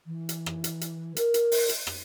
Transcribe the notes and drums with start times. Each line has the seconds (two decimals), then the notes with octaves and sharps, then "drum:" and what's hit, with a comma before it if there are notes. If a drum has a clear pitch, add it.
0.06 E3
0.29 drum: hi-hat
0.46 drum: rim click
0.64 drum: hi-hat
0.81 drum: hi-hat
1.16 A#4, drum: hi-hat
1.34 drum: hi-hat
1.52 drum: open hi-hat
1.69 drum: hi-hat
1.87 drum: rim click